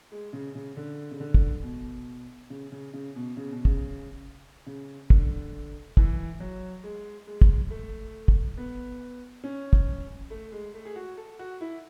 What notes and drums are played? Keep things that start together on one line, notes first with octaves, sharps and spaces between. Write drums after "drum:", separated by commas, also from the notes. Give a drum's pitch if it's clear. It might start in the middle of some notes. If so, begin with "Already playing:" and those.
G#3
C#3
C#3
D3
C#3
D3
drum: kick
B2
C#3
C#3
C#3
B2
C#3
B2
C#3, drum: kick
C#3
D3, drum: kick
E3, drum: kick
F#3
G#3
G#3
drum: kick
A3
drum: kick
B3
C#4
drum: kick
A3
G#3
A3
G#4
F#4
A4
F#4
E4